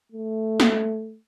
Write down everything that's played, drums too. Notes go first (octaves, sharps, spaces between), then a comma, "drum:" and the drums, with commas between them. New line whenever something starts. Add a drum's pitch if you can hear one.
A3
drum: snare G#3